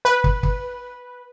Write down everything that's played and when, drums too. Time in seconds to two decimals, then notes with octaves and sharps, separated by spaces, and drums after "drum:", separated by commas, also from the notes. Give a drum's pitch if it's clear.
0.05 B4
0.24 drum: kick
0.43 drum: kick